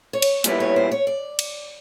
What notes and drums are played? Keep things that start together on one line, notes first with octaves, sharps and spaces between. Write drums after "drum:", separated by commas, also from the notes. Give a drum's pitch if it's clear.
C#5
drum: cymbal
A#2 G3 B3 E4 D5, drum: hi-hat
C#5
C5
C#5
D5
drum: cymbal